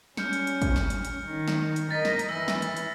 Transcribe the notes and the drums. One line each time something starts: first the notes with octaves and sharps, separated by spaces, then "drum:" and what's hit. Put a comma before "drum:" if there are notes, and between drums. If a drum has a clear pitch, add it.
G3 C#4 F6 G6 C#7, drum: snare
drum: hi-hat
drum: hi-hat
drum: kick, hi-hat
drum: snare
drum: hi-hat
drum: hi-hat
D#3
drum: snare
drum: hi-hat
A#4 D#5 A6 B6
drum: snare
drum: hi-hat
E3 E6 A#6
drum: snare
drum: hi-hat
drum: hi-hat